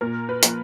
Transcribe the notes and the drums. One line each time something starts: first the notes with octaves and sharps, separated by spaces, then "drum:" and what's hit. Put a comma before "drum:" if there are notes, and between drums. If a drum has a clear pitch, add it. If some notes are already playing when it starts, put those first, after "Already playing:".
A#2 A#4
B4
F3 A#3, drum: hi-hat